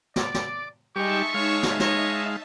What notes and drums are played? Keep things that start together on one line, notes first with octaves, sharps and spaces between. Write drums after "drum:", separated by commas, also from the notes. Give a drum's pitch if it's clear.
D5 D6, drum: snare
drum: snare
G3 G#3 D#4 G4 E5 A5 C#6
G#3 C#5 F5
drum: snare
C#5 D#5, drum: snare